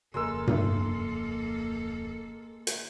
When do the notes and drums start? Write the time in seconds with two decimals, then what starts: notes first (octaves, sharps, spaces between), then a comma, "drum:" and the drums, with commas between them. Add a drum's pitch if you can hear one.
0.14 D1 F2 C#3 G#3 A#3 A4 A#4 E6
0.47 drum: tom G2
2.67 drum: hi-hat